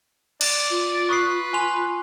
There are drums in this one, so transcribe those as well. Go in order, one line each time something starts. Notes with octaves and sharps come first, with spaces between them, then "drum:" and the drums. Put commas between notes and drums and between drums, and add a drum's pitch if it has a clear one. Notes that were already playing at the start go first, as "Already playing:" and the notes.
D5, drum: cymbal
F4
B4 C#6 D#6 C7
G#5 C6 F7